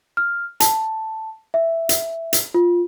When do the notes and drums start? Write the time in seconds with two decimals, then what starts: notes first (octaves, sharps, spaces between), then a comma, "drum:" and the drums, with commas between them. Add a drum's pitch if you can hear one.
0.17 F6
0.60 A5, drum: hi-hat
1.54 E5
1.89 drum: hi-hat
2.33 drum: hi-hat
2.54 F4